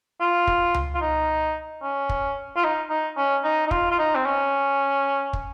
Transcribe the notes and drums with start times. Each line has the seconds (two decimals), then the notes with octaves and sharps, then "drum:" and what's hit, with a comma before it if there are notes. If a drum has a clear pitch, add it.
0.21 F4
0.47 drum: kick
0.74 drum: tom C#2
0.95 F4
1.01 D#4
1.82 C#4
2.09 drum: kick
2.56 F4
2.64 D#4
2.90 D#4
3.17 C#4
3.44 D#4
3.67 D#4
3.71 F4, drum: kick
3.91 F4
3.99 D#4
4.15 C4
4.26 C#4
5.33 drum: kick